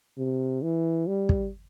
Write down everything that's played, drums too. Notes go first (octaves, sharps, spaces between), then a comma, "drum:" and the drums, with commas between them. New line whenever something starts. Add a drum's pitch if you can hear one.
C3
E3
G3
drum: kick